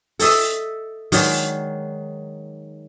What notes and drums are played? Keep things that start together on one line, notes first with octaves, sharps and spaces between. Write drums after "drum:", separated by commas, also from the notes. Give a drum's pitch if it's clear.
A4 D#5 E5, drum: open hi-hat
D#3 F#3 G#3 D5, drum: open hi-hat